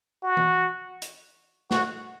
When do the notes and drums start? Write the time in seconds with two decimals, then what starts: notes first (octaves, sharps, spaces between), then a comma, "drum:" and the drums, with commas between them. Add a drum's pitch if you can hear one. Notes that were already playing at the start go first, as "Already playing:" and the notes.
0.23 F#4
0.37 drum: tom E3
1.02 drum: hi-hat
1.71 F#4, drum: snare